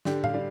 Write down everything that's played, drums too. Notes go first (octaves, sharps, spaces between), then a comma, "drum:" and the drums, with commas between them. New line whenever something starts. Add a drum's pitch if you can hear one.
D3 G4, drum: snare
F5, drum: tom A2
G3